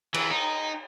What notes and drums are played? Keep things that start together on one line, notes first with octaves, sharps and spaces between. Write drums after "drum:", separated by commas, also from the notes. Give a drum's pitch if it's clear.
E3, drum: cymbal
D#4